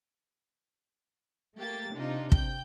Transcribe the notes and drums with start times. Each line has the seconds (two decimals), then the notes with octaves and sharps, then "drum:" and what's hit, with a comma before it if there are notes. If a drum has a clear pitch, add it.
1.56 A3 A#3 G4 A6
1.93 C3 D4 D#4 F4
2.32 G5 G6, drum: kick